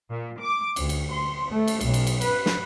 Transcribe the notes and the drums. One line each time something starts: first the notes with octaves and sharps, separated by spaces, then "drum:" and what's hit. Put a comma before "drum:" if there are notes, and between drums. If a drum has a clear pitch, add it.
A#2
D6
D2, drum: cymbal
drum: cymbal
C6
A3
drum: cymbal
B1, drum: cymbal
drum: cymbal
drum: cymbal
B4, drum: cymbal
drum: snare